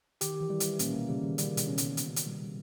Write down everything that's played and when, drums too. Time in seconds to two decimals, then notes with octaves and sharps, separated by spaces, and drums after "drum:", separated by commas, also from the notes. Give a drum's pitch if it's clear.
0.21 D#3 G4, drum: hi-hat
0.41 E3
0.50 G3
0.60 drum: hi-hat
0.79 A#2 A#3 C#4, drum: hi-hat
0.95 B2
1.08 C#3 G3
1.23 D#3
1.38 C#3 G3, drum: hi-hat
1.57 B2, drum: hi-hat
1.67 C#4
1.78 B2, drum: hi-hat
1.97 C#3, drum: hi-hat
2.16 drum: hi-hat
2.27 G3